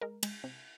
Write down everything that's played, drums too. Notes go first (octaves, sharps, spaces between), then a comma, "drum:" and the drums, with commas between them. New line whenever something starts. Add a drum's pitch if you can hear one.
G#3 A#4
G#3, drum: cymbal
C3